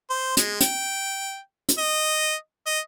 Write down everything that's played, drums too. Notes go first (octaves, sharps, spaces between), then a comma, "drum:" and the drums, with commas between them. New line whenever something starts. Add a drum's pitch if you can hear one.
C5
G#3, drum: hi-hat
G5, drum: hi-hat
drum: hi-hat
D#5
D#5